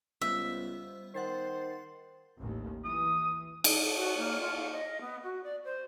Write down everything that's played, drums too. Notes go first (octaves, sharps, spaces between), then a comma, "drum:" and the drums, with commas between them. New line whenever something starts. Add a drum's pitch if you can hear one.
C#2 G3 B3 C5 E5
D#3 C5 F#5 A6 C7
A1 D#2
E3 D#6
drum: cymbal
F#4
A#3
F4
F5
D#5
B3
F#4
D5
C5